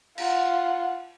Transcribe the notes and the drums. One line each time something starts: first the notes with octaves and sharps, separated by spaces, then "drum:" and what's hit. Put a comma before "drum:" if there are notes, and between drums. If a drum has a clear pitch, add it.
F4 F#5, drum: cymbal